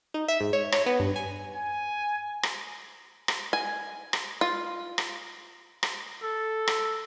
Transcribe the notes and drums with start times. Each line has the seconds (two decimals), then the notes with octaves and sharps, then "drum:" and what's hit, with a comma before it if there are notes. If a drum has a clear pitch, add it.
0.14 D#4
0.28 E5
0.40 G#2
0.53 C#5
0.72 C#5, drum: rim click
0.86 B3
1.00 G2
1.16 G#5
1.54 G#5
2.43 drum: rim click
3.28 drum: rim click
3.53 G#5
4.13 drum: rim click
4.41 F4
4.98 drum: rim click
5.83 drum: rim click
6.23 A4
6.68 drum: rim click